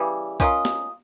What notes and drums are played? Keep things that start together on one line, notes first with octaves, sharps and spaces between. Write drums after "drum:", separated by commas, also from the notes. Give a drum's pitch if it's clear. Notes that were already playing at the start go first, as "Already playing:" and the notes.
Already playing: C#3 E3 G3
C#4 F4 A#4 D#5, drum: kick C2, tambourine
drum: snare